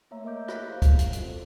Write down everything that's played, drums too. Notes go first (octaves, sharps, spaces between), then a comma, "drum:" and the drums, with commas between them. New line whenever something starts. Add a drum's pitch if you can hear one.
A3 A#3 C#5 E5 A#5
A#4 D#5 E5 D6 G6
F#6 G6 B6, drum: rim click
E4 G4 C5 F5
drum: kick, hi-hat
drum: hi-hat
C4 F4 F#4 A4, drum: hi-hat